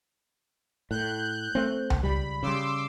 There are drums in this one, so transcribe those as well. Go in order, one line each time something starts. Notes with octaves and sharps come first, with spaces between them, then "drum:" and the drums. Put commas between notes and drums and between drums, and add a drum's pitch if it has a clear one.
A2 F#6 G6
A3 C4
drum: tom C#2
C#2 G3 B5
C#3 G3 C6 D6 E6